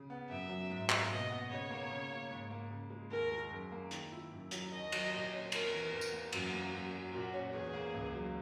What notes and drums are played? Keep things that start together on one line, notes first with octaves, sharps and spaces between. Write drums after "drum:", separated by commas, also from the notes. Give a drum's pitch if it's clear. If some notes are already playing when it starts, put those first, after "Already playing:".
Already playing: C#3
B3
F#2 E5
F#3
G#2
A#3, drum: clap
B2 D#5
B3
C#3 C#5
A#3
C#3
A#3
G#2
A#3
C#3
G#3
D#2 A#4
G#3
F#2
A#3
D#3, drum: hi-hat
E4
F#2
F#3, drum: hi-hat
D#2 D#5
F#3, drum: cymbal
A#2
C#4
D#2 A#4, drum: cymbal
E3
E2
drum: tambourine
A#3
F#2 F#4, drum: cymbal
A#3
F#2
F#3
A#2 F#4
C#4
E2 G#4
A#3
C#2
F#3